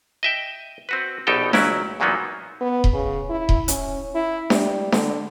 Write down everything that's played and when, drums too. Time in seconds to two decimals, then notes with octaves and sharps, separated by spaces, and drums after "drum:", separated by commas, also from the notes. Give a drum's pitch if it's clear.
0.23 D#5 E5 G5
0.89 C4 F#4 B4
1.27 A#1 B2 D#4 G4 A4 G5
1.53 C#2 F#3 C#4 E4 D5, drum: snare D4
2.00 E2 A#2 F#3 A#3 B3 D#4
2.61 B3
2.84 drum: kick D#1
2.93 C#3
3.30 E4
3.49 drum: kick D#1
3.68 C#4, drum: hi-hat
4.15 E4
4.50 G3, drum: snare D4
4.92 D3, drum: snare D4